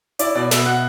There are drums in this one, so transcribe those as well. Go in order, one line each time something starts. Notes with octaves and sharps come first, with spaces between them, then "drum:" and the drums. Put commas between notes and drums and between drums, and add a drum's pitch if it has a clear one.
E4 D5, drum: hi-hat
B2 D5
B2 E5, drum: snare
B2 F#5